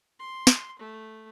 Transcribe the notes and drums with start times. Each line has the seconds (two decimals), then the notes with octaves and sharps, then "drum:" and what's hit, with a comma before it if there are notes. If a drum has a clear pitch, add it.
0.20 C6
0.47 drum: snare
0.79 A3